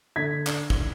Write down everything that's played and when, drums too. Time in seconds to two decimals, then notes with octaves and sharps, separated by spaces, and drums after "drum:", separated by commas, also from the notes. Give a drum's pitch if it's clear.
0.16 D3 G#6 B6
0.47 D4, drum: clap
0.70 drum: kick